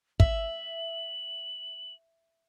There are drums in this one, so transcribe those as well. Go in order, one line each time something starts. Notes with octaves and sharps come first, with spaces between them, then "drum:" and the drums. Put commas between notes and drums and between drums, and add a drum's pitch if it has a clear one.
E5 F#7, drum: kick